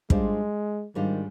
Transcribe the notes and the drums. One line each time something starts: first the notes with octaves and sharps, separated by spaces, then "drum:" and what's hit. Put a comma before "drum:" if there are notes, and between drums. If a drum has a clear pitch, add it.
G#2 G3 G#3 D4 F4 C5, drum: kick
G#2 D#3 G3 D4 F4 C5